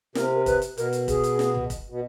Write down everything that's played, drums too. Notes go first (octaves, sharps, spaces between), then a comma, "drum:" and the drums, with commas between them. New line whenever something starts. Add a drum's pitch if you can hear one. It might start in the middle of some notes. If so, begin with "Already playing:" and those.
C3 A#4, drum: snare
A#4
B4, drum: kick, hi-hat
drum: hi-hat
B2 A#4, drum: hi-hat
drum: hi-hat
G#4, drum: kick, hi-hat
drum: hi-hat
drum: snare
drum: tom
drum: kick, hi-hat
B2